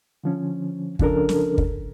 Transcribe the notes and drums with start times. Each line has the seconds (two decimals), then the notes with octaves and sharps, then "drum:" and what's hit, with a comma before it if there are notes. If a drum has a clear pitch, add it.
0.24 D3 F3 C#4
0.99 C#3 F3 C#4 D4 A4 A#4, drum: kick
1.29 drum: snare
1.58 drum: kick